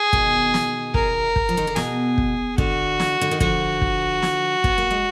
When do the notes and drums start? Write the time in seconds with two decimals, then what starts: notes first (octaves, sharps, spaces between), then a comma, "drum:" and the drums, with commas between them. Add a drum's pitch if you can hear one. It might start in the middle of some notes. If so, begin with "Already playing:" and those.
Already playing: G#4
0.13 B2 D#3, drum: kick
0.54 drum: snare
0.94 A#4, drum: kick
1.36 drum: kick
1.49 F3
1.57 D#3
1.67 D3
1.76 B2 G#4, drum: snare
2.18 drum: kick
2.58 D3 F#4, drum: kick
3.00 drum: snare
3.21 D3
3.31 D#3
3.40 D3 F3 F#4, drum: kick
3.81 drum: kick
4.22 drum: snare
4.64 B3, drum: kick
4.78 A#3
4.91 G#3